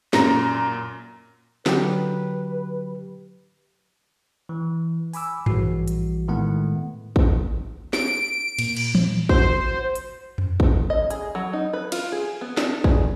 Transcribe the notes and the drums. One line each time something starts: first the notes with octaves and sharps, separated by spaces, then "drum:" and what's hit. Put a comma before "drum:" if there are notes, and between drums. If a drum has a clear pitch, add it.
F#2 A#2 A#5 A#6, drum: snare
D3 F#3 G4 B4, drum: snare
E3
G#5 B5 D6 E6, drum: open hi-hat
A#1 E3 G3 F#4 C7, drum: tom G2
drum: hi-hat
A2 D#3 G#3 A3 B3 F#5
drum: kick
D7, drum: snare
A#2, drum: cymbal
drum: cymbal
drum: tom E3
F#4 C5, drum: kick
drum: hi-hat
drum: tom F2
drum: kick
D#5
G#4, drum: hi-hat
F#3
D#4
B4
F4, drum: cymbal
G#4
B3
D4, drum: snare
G#4, drum: kick